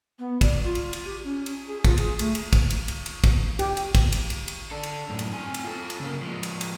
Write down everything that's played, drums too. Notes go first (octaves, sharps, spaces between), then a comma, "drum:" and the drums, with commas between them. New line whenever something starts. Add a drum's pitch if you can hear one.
B3
D5, drum: kick, cymbal
F4
drum: cymbal
drum: cymbal
G4
C#4
drum: cymbal
G#4
F4, drum: kick, cymbal
G#4, drum: cymbal
A3, drum: cymbal
drum: cymbal
drum: kick, cymbal
drum: cymbal
drum: cymbal
drum: cymbal
drum: kick, cymbal
G4, drum: cymbal
drum: cymbal
drum: kick, cymbal
drum: cymbal
drum: cymbal
drum: cymbal
D4 A4
drum: cymbal
F#2 A2
drum: cymbal
C4 G#5
drum: cymbal
F4 A4
drum: cymbal
C#3 A#3
F3 G#3
drum: cymbal
drum: cymbal